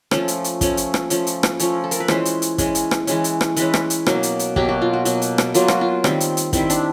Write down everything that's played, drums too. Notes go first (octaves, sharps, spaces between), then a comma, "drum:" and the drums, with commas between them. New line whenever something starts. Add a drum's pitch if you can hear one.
F3 A3 C#4, drum: rim click
drum: hi-hat
drum: hi-hat
F3 A3 C#4, drum: kick, hi-hat
drum: hi-hat
drum: rim click
F3 A3 C#4, drum: hi-hat
drum: hi-hat
drum: rim click
F3 A3 C#4 C#5, drum: hi-hat
A4
A#4, drum: hi-hat
B4
E3 G#3 C#4 C5, drum: rim click
drum: hi-hat
drum: hi-hat
E3 G#3 C#4, drum: kick, hi-hat
drum: hi-hat
drum: rim click
E3 G#3 C#4, drum: hi-hat
drum: hi-hat
drum: rim click
E3 G#3 C#4 B4, drum: hi-hat
drum: rim click
drum: hi-hat
B2 F#3 A#3, drum: rim click
drum: hi-hat
drum: hi-hat
B2 F#3 A#3 G4, drum: kick
F#4
F4
F#4
B2 F#3 A#3, drum: hi-hat
drum: hi-hat
drum: rim click
B2 F#3 A#3 F4, drum: hi-hat
F#4, drum: rim click
F4
D#3 G3 C4, drum: rim click
drum: hi-hat
drum: hi-hat
D#3 G3 C4 E4, drum: kick, hi-hat
D4, drum: hi-hat